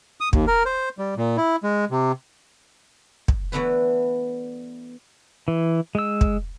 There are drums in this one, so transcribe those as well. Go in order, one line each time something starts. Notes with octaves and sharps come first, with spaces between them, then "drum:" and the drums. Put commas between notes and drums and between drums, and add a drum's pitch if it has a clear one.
D#6
D#2, drum: kick
A#4
C5
G3
A#2
E4
G#3
C3
drum: kick
E3 A3 B3 D4 E4 B4
E3
G#3 E6
drum: kick